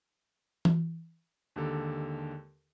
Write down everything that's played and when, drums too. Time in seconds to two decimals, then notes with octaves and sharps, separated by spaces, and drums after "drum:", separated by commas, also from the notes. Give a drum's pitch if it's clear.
0.65 drum: tom E3
1.56 D#2 D3 G#3 G4 A4 A#5